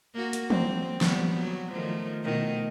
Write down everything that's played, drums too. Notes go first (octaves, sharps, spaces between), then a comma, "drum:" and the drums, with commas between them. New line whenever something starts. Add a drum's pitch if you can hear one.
A#3 F#4
drum: hi-hat
C4, drum: tom
G3 B3, drum: snare F3
F#3
D#3 F3 A3
B2 D#3 A3